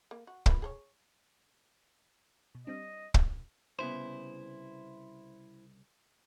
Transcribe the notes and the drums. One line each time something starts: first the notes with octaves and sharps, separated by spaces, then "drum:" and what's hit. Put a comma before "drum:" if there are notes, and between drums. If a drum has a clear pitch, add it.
A#3
F#4
A#3 F4 B4, drum: kick
G#4 A4 C#5
B2
G3 C4 D4 D#5
drum: kick
C2 C#3 B3 E4 C5